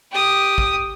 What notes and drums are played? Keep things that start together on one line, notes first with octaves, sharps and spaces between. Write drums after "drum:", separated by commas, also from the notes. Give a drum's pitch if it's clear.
G4 D#6
drum: kick